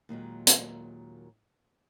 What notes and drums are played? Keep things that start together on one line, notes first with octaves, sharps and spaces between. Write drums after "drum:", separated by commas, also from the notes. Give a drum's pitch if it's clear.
D#2 A#2 F#3 G#3
drum: hi-hat